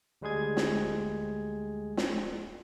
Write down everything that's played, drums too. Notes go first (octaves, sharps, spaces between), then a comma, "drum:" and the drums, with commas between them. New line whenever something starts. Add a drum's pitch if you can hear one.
D2 G3 G#3 G#4 G#6
drum: snare
drum: snare